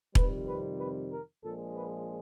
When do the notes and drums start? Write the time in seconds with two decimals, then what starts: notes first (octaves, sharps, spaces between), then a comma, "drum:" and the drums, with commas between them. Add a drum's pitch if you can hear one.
0.15 F2 C3 D#3 G3 B4, drum: kick E1
0.48 B4
0.80 B4
1.12 A#4
1.44 A#1 A#2 F3 G#3 A4
1.76 B4